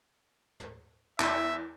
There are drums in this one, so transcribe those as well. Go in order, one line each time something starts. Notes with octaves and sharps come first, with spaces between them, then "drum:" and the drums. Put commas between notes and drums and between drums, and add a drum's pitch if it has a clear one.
drum: tom
E2 E5, drum: clap